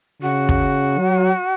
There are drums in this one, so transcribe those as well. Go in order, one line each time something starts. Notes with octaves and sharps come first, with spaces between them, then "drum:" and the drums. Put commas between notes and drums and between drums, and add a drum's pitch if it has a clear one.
C#3 F#4
drum: kick
F#3